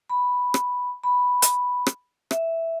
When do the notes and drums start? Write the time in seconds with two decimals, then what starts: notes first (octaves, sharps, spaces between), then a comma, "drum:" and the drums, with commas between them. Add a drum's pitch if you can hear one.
0.09 B5
0.54 drum: rim click
1.04 B5
1.42 drum: hi-hat
1.87 drum: rim click
2.31 E5, drum: rim click